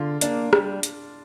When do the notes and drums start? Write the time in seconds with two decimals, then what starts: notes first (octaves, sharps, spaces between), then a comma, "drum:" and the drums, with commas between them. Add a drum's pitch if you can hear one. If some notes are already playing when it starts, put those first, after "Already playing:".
Already playing: D3 F4
0.21 A#3 D4, drum: hi-hat
0.53 G3, drum: rim click
0.83 drum: hi-hat